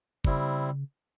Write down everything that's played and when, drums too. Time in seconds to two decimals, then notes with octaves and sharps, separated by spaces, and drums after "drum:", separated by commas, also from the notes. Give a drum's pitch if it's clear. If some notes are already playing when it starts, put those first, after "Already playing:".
0.25 C#3 G3 C4 E4, drum: kick